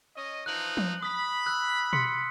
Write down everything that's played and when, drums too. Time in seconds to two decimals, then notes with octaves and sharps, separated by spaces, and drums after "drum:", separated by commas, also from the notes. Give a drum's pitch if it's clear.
0.16 C#4 D#5
0.46 E3 F3 D#4 F#6 F#7
0.77 drum: tom F3
1.03 B5 D#6 B6
1.46 E6 F#6
1.93 C6 B6 C#7, drum: tom B2